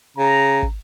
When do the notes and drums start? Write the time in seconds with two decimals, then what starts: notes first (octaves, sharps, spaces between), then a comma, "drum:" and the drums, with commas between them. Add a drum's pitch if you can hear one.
0.17 C#3 A#5
0.62 drum: kick